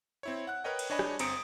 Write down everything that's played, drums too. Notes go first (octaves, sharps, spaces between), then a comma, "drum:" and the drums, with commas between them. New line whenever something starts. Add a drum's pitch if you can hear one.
C4 E4 C#5
F#5 F#6
A#4 B4 C#5 D#5 G5
drum: cymbal
D4 C#5 D#5 G#5 B5
drum: rim click
G1 C4 A#5 D#6 C#7 D7, drum: cymbal